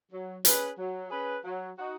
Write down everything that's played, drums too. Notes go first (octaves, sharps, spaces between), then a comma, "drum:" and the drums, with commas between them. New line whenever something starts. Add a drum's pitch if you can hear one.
F#3
C#4 G#4 B4, drum: hi-hat
F#3
C#4 G#4 B4
F#3
D#4 F#4